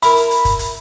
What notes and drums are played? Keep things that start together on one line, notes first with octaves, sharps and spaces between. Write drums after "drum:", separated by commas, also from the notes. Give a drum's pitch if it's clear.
E4 A#4 B5, drum: hi-hat
drum: hi-hat
drum: hi-hat
drum: kick, hi-hat
drum: hi-hat